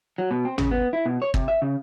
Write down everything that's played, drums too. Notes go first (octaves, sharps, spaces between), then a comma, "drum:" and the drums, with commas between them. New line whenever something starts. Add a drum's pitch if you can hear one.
F#3
B2
C4
C#3, drum: tom
B3
E4
B2
C#5
C3, drum: kick
E5
C#3